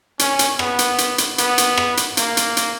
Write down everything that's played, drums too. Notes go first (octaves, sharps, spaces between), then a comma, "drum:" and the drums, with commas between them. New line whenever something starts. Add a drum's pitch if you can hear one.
C#4, drum: hi-hat
drum: hi-hat
B3, drum: rim click
drum: hi-hat
drum: hi-hat
drum: hi-hat
B3, drum: hi-hat
drum: hi-hat
drum: rim click
drum: hi-hat
A#3, drum: hi-hat
drum: hi-hat
drum: hi-hat